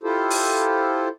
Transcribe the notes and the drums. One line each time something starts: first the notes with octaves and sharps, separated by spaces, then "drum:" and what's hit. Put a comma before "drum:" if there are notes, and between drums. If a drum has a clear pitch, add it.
E4 F4 G4 A4 C5
drum: open hi-hat